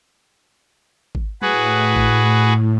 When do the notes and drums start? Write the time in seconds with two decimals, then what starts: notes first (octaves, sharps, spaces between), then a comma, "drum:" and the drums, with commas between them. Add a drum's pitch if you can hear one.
1.15 drum: kick G#1
1.42 A2 F#4 G#4 B4, drum: tom F#3
1.96 drum: kick G#1